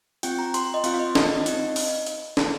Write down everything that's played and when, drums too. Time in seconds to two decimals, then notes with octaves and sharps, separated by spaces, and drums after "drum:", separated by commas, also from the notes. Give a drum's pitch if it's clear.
0.23 C4 F4 G5, drum: hi-hat
0.39 A#5
0.54 C6, drum: hi-hat
0.64 C6
0.74 D#5
0.84 C4 F4 F5, drum: hi-hat
0.94 F5
0.99 D#5
1.15 D#5, drum: snare
1.46 C4 D#4, drum: hi-hat
1.76 drum: open hi-hat
2.06 drum: hi-hat
2.37 drum: snare